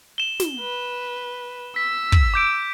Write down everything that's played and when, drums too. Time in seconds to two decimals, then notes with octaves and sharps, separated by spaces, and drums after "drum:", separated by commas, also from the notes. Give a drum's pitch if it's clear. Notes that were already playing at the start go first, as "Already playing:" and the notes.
0.18 E7 G7
0.40 drum: snare
0.61 B4
1.76 E6 B6
2.12 drum: kick
2.34 D6 G6 D7